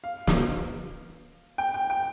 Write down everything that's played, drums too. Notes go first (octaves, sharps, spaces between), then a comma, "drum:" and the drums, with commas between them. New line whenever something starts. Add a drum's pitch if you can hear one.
F5
drum: snare
G5
G5
G5